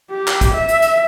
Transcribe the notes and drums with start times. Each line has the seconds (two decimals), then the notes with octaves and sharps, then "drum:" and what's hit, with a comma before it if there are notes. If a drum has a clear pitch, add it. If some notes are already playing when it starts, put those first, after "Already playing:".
0.10 G4
0.28 drum: clap
0.41 drum: kick, hi-hat
0.55 E5
0.68 drum: hi-hat
0.82 drum: hi-hat